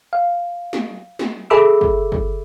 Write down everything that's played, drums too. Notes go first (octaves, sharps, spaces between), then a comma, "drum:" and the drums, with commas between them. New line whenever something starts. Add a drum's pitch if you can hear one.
F5
drum: snare
drum: snare
G#4 A4 E5 B5 D6 E6
drum: kick
drum: kick